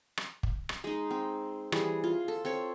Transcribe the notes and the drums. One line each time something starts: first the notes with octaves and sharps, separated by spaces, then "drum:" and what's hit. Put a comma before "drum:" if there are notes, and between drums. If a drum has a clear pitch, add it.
drum: rim click
drum: kick
drum: rim click
G#3 D#4
C4
E3 G3 G#4, drum: rim click
F4
A4
C4 A4 C#5